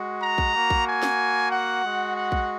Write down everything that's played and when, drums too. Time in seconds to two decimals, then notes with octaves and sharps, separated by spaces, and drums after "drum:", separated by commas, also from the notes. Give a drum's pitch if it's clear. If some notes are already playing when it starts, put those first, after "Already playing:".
Already playing: G#3 F#4
0.22 A#5
0.38 drum: kick A#1
0.55 A#3 F#4
0.70 drum: kick A#1
0.87 G#5
1.03 drum: snare
1.51 F#5
1.84 G#3 F#4
2.16 F#5
2.32 drum: kick A#1